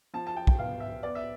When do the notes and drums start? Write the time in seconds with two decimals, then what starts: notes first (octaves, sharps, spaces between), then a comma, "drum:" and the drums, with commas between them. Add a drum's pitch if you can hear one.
0.14 F3 A5
0.27 A5
0.36 G5
0.47 G5, drum: kick
0.59 B3 F5
0.80 E5
1.03 B3 D5
1.15 E5